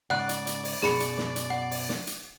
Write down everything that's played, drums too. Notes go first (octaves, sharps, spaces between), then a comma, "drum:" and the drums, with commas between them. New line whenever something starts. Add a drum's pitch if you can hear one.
G#2 C#3 D#4 D5 F#5 F#6
drum: hi-hat
drum: hi-hat
drum: open hi-hat
F#2 B2 G#4 B5 C#7, drum: snare
drum: hi-hat
drum: snare
drum: hi-hat
F#5
drum: open hi-hat
drum: snare
drum: hi-hat